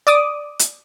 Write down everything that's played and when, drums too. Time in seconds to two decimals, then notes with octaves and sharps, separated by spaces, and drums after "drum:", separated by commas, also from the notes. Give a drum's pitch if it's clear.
0.07 D5 D6 D#6
0.59 drum: hi-hat